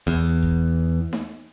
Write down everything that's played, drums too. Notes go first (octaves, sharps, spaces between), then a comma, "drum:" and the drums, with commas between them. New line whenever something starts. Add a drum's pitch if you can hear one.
E2
drum: kick F1
drum: snare D#4